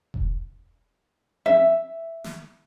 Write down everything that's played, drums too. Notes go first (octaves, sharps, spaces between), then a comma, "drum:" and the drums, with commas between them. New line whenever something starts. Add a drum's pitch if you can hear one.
drum: kick E1
E5, drum: tom C4
drum: snare